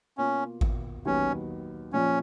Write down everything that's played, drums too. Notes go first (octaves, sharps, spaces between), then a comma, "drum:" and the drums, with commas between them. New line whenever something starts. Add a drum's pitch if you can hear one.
B2 A#3 C#4 F4
drum: kick G#1
D#2 D#3 F#3 B3 C#4
A#1 A#2 F3 C#4